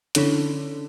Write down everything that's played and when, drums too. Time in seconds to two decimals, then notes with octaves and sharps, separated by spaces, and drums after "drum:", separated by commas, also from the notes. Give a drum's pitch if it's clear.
0.15 D3 C#4 E4 A4 C#5, drum: hi-hat